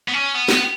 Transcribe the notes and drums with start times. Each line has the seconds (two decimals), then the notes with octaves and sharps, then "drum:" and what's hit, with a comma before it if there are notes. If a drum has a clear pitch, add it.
0.08 B3
0.13 C#4
0.34 B3
0.48 drum: snare